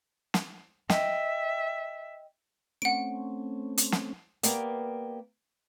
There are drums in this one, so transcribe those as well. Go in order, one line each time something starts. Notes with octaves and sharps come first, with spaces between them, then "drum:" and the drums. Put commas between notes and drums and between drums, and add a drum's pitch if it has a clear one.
drum: snare
D#5 E5 G5, drum: snare
A3 C4 C#4 F#5 D7
drum: hi-hat
drum: snare
A#3 B3 G4 D5 F5, drum: hi-hat